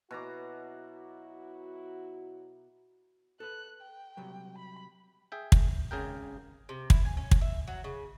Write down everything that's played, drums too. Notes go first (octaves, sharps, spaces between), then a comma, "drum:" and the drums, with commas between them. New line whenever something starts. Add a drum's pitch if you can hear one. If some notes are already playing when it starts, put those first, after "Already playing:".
B2 F#3 E4 F#4 A#5 D6
A4 B4 F#6
G5
C3 F#3 G3
B5
G#4 E5 G5
drum: kick
G#1 C#3 G#4 A#4 G5
C3
E4, drum: kick
G#5
C#4
drum: kick
E5
F#3
C#3